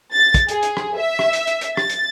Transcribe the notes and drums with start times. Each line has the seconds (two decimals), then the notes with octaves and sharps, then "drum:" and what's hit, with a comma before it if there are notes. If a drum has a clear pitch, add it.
0.13 A6
0.34 drum: kick, hi-hat
0.49 G#4, drum: hi-hat
0.63 drum: hi-hat
0.77 drum: rim click
0.97 E5
1.19 drum: rim click
1.33 drum: hi-hat
1.47 drum: hi-hat
1.61 drum: hi-hat
1.77 A6, drum: rim click
1.89 drum: hi-hat